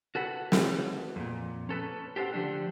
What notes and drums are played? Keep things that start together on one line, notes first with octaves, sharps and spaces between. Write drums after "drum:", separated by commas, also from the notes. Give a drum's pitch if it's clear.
F#4 A4 B4 F#5
drum: snare
F2 A#2
C#4 A4 B4
G4 A4 C5 F5 F#5
D3 F3 A3 D4 G4